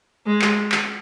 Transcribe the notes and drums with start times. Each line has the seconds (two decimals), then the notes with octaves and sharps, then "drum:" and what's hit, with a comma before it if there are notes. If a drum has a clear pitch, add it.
0.27 G#3
0.42 drum: clap
0.72 drum: clap